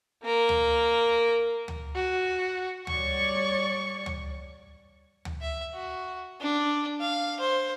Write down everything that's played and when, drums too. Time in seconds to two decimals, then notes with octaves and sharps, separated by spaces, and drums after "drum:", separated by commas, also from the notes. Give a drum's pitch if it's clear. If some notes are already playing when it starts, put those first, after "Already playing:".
0.24 A#3 A#4
0.49 drum: tom D2
1.68 drum: tom D2
1.95 F#4
2.87 G3 C#5 D5 C#6, drum: tom D2
4.06 drum: tom D2
5.25 drum: tom D2
5.42 E5
5.75 F#4
6.41 D4
7.01 F5
7.40 C5